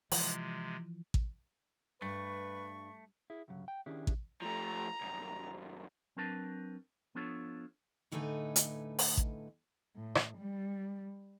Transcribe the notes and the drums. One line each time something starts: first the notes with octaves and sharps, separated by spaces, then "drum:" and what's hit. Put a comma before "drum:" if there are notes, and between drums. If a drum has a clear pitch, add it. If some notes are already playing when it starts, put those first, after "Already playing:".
C3 E3 F3 G#3, drum: open hi-hat
drum: kick A1
G2 A3 B4 C#6
E4 G#4
D2 G2 C#3 F#3
G5
D#3 C#4 D4 E4 G4 G#4
drum: kick A1
F3 A3 A#5
C2 F#2
F#3 C4 D4 A#4 B4 A5
F3 B3 D4 F4 A4 C#5
A2 D3 A3 D#4 B4 G#5
drum: hi-hat
drum: open hi-hat
drum: kick A1
A2
drum: rim click
G3